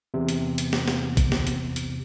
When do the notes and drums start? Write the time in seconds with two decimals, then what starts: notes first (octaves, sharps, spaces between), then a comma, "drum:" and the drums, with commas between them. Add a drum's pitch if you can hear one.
0.14 E2 C3
0.29 drum: hi-hat
0.58 drum: hi-hat
0.73 drum: snare
0.88 drum: snare
1.17 drum: kick, hi-hat
1.32 drum: snare
1.47 drum: hi-hat
1.76 drum: hi-hat